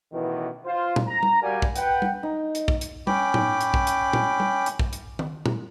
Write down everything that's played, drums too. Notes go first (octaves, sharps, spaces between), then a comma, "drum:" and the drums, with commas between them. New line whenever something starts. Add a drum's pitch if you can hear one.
A1 B2 D#3 E3
F4 C5 F5
drum: tom A#2
A#5
drum: tom G3
G3 F#4 A#4 D5 F5 G#5
drum: kick
B4 F#5 G5, drum: hi-hat
drum: tom G3
D#4
drum: hi-hat
drum: kick
drum: hi-hat
C#4 G5 B5 D6, drum: tom G3
drum: tom
drum: hi-hat
drum: kick
drum: hi-hat
drum: tom A#2
drum: tom G3
drum: hi-hat
drum: kick
drum: hi-hat
drum: tom D#3
drum: tom A#2